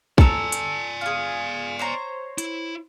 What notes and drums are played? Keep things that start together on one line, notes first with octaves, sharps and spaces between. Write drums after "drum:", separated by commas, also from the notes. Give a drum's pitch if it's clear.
A4 D5 G#5 A#5 E6, drum: kick
drum: hi-hat
F4 G#4
C5 C#5 A#5
E4, drum: hi-hat